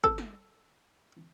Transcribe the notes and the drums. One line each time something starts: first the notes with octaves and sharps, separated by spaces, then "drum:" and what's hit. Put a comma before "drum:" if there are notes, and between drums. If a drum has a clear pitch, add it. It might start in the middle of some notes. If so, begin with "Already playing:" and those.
A4, drum: kick
drum: snare